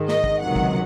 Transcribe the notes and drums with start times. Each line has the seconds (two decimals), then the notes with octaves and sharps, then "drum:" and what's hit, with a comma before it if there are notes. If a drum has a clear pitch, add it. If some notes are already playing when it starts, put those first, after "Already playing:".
Already playing: G#2 D#3 G#3
0.08 D#5, drum: snare
0.24 drum: kick
0.40 C#2 C3 D#3 F#3 F#5
0.56 drum: kick